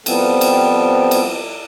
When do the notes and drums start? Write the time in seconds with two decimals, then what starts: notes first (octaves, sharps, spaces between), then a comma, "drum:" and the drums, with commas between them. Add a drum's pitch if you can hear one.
0.06 F3 G3 B3 C4 A4, drum: cymbal
0.41 drum: cymbal
1.11 drum: cymbal